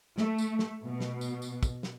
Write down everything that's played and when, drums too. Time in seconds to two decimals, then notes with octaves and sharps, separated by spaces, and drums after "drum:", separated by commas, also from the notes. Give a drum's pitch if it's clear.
0.18 A3, drum: snare
0.38 drum: tambourine
0.59 drum: snare
0.85 B2
1.00 drum: snare
1.21 drum: tambourine
1.42 drum: tambourine
1.63 drum: kick, tambourine
1.83 drum: snare